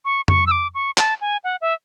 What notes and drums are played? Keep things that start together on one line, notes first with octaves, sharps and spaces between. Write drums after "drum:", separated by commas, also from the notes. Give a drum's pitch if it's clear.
C#6
C#6, drum: tom F2
E6
D6
C#6
A5, drum: clap
G#5
F#5
E5